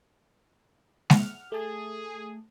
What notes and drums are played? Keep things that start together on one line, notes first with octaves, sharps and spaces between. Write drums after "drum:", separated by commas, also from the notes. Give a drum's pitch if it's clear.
F#5 F6, drum: snare G#3
A3 G#4 A5